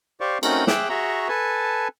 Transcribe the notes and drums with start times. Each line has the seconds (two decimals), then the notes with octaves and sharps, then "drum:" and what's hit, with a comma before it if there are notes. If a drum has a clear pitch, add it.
0.21 G4 C5 D5 F5 C#6
0.43 A3 C4 C#4 D#4 F#4 A#4, drum: cymbal
0.67 G#4 E5 G5 D6 E6 F#6, drum: snare
0.89 F#4 G#4 E5 A#5 C#6
1.28 A4 B4 G#5 A5